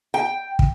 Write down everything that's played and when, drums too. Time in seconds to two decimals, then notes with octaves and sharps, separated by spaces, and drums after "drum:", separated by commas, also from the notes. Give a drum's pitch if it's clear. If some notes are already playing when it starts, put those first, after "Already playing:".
0.14 G5
0.59 drum: kick